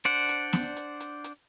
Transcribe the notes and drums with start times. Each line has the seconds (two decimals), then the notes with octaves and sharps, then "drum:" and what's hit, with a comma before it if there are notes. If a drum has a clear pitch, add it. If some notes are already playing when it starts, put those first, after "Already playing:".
0.05 D4 C5 D5 F#5, drum: hi-hat
0.29 drum: hi-hat
0.53 drum: snare B3
0.77 drum: hi-hat
1.00 drum: hi-hat
1.24 drum: hi-hat